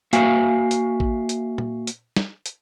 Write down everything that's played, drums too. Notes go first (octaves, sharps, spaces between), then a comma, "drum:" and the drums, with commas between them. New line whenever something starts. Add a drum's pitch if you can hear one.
A#3 F#4 E5 F5 G#5, drum: hi-hat
drum: hi-hat
drum: kick A1
drum: hi-hat
drum: tom A#2
drum: hi-hat
drum: snare
drum: hi-hat